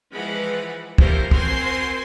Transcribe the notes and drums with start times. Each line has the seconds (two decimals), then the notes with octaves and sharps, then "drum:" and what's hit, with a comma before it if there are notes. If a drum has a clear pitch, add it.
0.13 E3 F3 G#3 F#5 B5
0.98 F3 G3 A3 E4 A#4 C5, drum: kick
1.31 C4 F#4 A#4 C5 G#5 C6, drum: kick